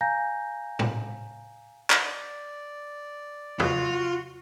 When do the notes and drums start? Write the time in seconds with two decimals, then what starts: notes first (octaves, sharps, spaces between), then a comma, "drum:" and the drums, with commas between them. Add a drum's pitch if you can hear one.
0.01 F5 G#5 A#5 G6 A#6
0.79 drum: tom A2
1.90 drum: clap
2.05 D5
3.60 F4 F#4, drum: tom E2